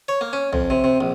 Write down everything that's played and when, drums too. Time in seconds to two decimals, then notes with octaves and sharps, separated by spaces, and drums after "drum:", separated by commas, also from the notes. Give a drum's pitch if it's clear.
0.08 C#5
0.21 A#3
0.33 C#4
0.53 F2, drum: tom A#1
0.70 C3
0.84 C3
1.01 A#1